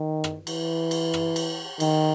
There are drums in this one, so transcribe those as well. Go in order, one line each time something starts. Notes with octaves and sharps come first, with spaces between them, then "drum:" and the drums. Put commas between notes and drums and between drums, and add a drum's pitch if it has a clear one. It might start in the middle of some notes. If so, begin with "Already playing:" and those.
Already playing: D#3
drum: rim click
E3, drum: cymbal
drum: cymbal
drum: rim click
drum: cymbal
D#3, drum: cymbal